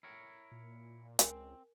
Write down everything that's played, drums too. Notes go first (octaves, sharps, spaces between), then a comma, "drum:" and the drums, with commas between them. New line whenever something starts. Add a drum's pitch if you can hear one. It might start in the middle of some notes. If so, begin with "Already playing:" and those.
E4 A#4 C#5
A#2
C#2 C4 A#4 G#5, drum: hi-hat